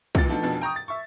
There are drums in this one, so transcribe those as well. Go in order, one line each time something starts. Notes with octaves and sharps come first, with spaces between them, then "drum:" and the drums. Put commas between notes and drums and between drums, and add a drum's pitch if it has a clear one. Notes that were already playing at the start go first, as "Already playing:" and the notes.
G#1 C#2 A#2 E3 A6, drum: kick
F3 A3 B3 D4 D#4
E1 F2 B2 D4
G5 A#5 C#6 D#6
A6
E5 C#6